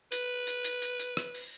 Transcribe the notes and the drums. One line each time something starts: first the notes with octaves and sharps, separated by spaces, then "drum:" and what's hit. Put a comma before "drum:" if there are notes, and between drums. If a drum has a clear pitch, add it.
B4, drum: hi-hat
drum: hi-hat
drum: hi-hat
drum: hi-hat
drum: hi-hat
drum: rim click
drum: open hi-hat